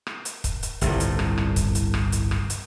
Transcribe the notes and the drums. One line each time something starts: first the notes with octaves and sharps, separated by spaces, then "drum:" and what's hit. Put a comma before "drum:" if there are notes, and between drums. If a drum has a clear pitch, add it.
drum: rim click
drum: hi-hat
drum: kick, hi-hat
drum: hi-hat
G1 C2 A2, drum: hi-hat
drum: hi-hat
drum: rim click
drum: rim click
drum: kick, hi-hat
drum: hi-hat
drum: rim click
drum: hi-hat
drum: rim click
drum: hi-hat